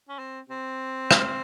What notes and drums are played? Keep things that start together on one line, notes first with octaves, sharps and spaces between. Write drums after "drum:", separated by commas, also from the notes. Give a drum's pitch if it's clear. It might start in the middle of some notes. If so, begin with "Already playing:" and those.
C#4
C4
C4
drum: rim click